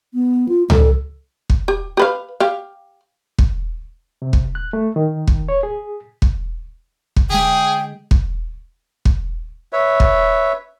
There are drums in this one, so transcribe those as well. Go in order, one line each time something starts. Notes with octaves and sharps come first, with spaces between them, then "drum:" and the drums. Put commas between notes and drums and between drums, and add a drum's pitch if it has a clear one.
B3
F4
A4, drum: tom C#2
drum: kick
G4
G4 B4 F5
G4 F5
drum: kick
C3
drum: kick
F#6
A3
D#3
drum: kick
C#5
G#4
drum: kick
drum: kick
D3 G#3 G#4 G5
drum: kick
drum: kick
B4 C#5 E5
drum: kick